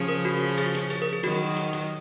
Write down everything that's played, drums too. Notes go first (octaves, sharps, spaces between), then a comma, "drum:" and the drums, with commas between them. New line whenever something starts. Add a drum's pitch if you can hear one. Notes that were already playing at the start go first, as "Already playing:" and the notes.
Already playing: C#3 F3
A#4
F#4
G#4, drum: hi-hat
drum: hi-hat
G#4, drum: hi-hat
A#4
G#4
D#3 F#3 F#4, drum: hi-hat
drum: hi-hat
drum: hi-hat